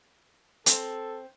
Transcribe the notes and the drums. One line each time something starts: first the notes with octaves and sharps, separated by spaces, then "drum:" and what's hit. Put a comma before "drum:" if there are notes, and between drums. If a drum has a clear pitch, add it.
C4 A4, drum: hi-hat